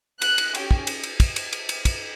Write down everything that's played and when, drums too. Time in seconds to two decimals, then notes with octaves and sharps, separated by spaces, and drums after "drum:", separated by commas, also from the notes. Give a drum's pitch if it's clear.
0.22 F#6, drum: cymbal
0.38 drum: cymbal
0.55 C#4 G4, drum: cymbal
0.71 drum: kick
0.87 drum: cymbal
1.03 drum: cymbal
1.20 drum: kick, cymbal
1.36 drum: cymbal
1.53 drum: cymbal
1.69 drum: cymbal
1.85 drum: kick, cymbal